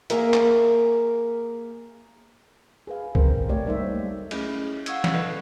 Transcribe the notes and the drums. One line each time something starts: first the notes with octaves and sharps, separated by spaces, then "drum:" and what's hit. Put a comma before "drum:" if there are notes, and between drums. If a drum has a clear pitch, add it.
A#3 G#4 A#4 E5, drum: hi-hat
drum: clap
G#4 B4 F5
C4 A#4 C5, drum: kick C2
A3 G4 C#5 D5
F#3 G3 A#3 D#4 C5 E5
A3
A3 C#4 E4 G#4 D#5, drum: cymbal
F5 F#5 C#6 D#6 E6 G#6, drum: hi-hat
drum: snare
F#4 A4 B4 D#5